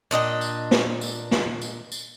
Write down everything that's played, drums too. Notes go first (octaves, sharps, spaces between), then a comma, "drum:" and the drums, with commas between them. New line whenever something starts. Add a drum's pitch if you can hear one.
A#2 D4 D#5 G5
drum: tambourine
drum: snare
drum: tambourine
drum: snare
drum: tambourine
drum: tambourine